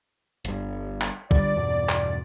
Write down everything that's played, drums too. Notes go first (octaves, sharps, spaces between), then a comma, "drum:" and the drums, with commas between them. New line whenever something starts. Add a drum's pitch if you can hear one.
G1 G2, drum: hi-hat
drum: clap
D3 G3 D5, drum: kick B1
E2 G2 B2
drum: clap